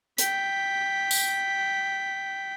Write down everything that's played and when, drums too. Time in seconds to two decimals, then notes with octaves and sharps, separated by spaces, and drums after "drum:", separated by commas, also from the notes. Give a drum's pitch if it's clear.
0.18 G5 B6, drum: hi-hat
1.11 drum: tambourine